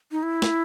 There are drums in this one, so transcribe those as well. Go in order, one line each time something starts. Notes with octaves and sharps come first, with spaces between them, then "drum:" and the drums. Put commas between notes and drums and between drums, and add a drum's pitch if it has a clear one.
D#4
E4
drum: snare